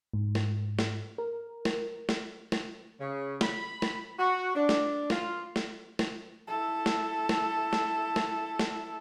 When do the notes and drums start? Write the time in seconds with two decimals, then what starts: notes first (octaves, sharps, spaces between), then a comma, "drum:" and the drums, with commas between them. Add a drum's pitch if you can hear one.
0.14 G#2
0.35 drum: snare
0.79 drum: snare
1.18 A#4
1.65 drum: snare
2.09 drum: snare
2.52 drum: snare
2.99 C#3
3.41 B5, drum: snare
3.82 drum: snare
4.18 F#4
4.54 D4
4.69 drum: snare
5.10 F4, drum: snare
5.56 drum: snare
5.99 drum: snare
6.47 E4 A4
6.86 drum: snare
7.29 drum: snare
7.73 drum: snare
8.16 drum: snare
8.59 drum: snare